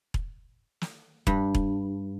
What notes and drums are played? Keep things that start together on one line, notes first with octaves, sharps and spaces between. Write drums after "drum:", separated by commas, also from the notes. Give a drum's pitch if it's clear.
drum: kick E1
drum: snare
G2, drum: kick E1
drum: kick E1